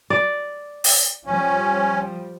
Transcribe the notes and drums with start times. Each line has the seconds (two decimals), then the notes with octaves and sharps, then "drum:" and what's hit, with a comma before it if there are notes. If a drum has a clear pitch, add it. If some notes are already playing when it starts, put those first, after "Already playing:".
0.10 D5
0.84 drum: open hi-hat
1.26 F3 G3 C#4